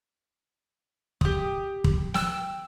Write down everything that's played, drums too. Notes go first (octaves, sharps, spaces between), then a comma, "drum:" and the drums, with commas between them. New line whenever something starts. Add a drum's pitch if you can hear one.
G4 D#6, drum: kick
drum: kick
G5 E6 F#6, drum: snare